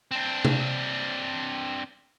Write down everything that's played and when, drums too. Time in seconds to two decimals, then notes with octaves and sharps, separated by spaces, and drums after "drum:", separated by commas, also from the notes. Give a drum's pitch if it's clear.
0.11 C4 D4
0.45 drum: tom C3